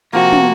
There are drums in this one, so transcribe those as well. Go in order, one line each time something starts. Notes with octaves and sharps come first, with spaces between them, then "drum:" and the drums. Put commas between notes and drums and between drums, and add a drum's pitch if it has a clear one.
C3 F3 A#3 F#4
drum: tom